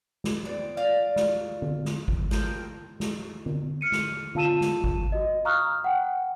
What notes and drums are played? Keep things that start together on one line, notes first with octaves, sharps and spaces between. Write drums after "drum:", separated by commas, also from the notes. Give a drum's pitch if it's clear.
drum: snare
B3 C4 D5
F4 D5 F5
drum: snare
drum: tom D3
drum: snare
drum: kick G#1
F3 A#4 G5 A5, drum: snare
drum: snare
drum: tom D3
F6 C#7 D#7
drum: snare
F4 F5 A5 E6 D#7 E7, drum: tom D3
drum: snare
drum: kick G#1
F#4 D#5
F5 A#5 C#6 D#6 F6 F#6
F#5 G5